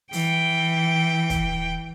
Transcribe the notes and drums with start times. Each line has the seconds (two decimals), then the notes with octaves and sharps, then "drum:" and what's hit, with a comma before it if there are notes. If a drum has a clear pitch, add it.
0.13 E3 G5, drum: open hi-hat
1.30 drum: kick, hi-hat